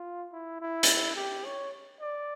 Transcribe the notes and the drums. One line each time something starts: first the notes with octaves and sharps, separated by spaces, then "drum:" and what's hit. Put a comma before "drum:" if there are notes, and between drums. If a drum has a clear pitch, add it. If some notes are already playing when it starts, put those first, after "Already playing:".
Already playing: F4
E4
E4
drum: hi-hat
G4
C#5
D5